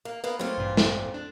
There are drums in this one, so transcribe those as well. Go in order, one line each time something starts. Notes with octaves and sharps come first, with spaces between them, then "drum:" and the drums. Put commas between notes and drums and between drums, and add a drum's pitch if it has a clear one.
A#3
A#3 B3
F#3 A3 A#3 C4 F4
A1 G2 A#2
drum: snare
D4